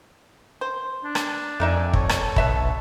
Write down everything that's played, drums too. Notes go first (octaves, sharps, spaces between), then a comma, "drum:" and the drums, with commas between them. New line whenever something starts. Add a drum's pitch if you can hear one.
C5
D4
drum: rim click
F2 A3 D#4 D5 E5 G#5
A4 C#5, drum: kick
drum: rim click
B1 B4 E5 B5, drum: kick